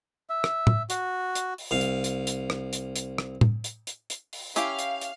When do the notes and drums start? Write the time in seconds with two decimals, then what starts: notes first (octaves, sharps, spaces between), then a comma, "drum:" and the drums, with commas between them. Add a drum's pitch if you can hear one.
0.30 E5
0.44 drum: rim click
0.67 drum: tom A2
0.90 F#4, drum: hi-hat
1.35 drum: hi-hat
1.58 drum: open hi-hat
1.71 C2 F5
1.81 drum: hi-hat
2.04 drum: hi-hat
2.27 drum: hi-hat
2.50 drum: rim click
2.73 drum: hi-hat
2.96 drum: hi-hat
3.18 drum: rim click
3.41 drum: tom A2
3.64 drum: hi-hat
3.87 drum: hi-hat
4.10 drum: hi-hat
4.33 drum: open hi-hat
4.56 C#4 E4 G4 F5, drum: hi-hat
4.79 drum: hi-hat
5.01 drum: hi-hat